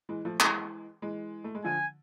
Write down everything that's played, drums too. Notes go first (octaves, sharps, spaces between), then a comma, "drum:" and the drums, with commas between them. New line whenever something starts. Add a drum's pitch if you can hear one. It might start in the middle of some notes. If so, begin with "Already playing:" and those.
E3 G#3
F3 A3
E3 G#3, drum: clap
E3 G#3
A3
G#3
D3 F3 G#5